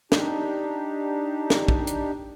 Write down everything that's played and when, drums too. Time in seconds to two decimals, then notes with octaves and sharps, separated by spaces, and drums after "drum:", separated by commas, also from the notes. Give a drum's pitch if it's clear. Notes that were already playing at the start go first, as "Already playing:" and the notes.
0.12 D4 D#4 G4, drum: snare
1.50 drum: snare
1.68 drum: kick
1.87 drum: hi-hat